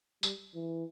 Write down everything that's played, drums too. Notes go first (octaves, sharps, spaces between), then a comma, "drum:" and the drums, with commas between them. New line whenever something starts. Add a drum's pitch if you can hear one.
G3, drum: tambourine
E3